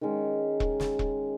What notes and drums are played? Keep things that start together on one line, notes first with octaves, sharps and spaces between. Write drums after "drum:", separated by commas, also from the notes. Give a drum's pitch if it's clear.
D#3 G#3 C#4
drum: kick E1
drum: snare
drum: kick E1